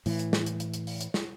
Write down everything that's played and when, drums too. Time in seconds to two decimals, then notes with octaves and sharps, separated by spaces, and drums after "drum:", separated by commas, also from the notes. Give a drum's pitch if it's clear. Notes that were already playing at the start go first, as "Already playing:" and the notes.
0.06 A2 E3, drum: open hi-hat
0.19 drum: hi-hat
0.33 drum: snare
0.46 drum: hi-hat
0.60 drum: hi-hat
0.74 drum: hi-hat
0.87 drum: open hi-hat
1.01 drum: hi-hat
1.14 drum: snare